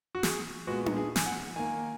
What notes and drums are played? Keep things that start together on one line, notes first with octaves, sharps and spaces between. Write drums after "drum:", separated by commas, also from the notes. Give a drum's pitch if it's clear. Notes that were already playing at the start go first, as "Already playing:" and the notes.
F#4
G#4, drum: snare
A#2 G#3 B3 F#4
drum: tom D4
G#4
G#5, drum: snare
F#5
D#3 A#3 G#5